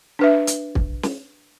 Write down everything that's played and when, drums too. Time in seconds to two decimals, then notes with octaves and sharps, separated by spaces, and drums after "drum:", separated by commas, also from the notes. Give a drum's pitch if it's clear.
0.19 D4 B4 E5
0.47 drum: hi-hat
0.75 drum: kick
1.03 drum: snare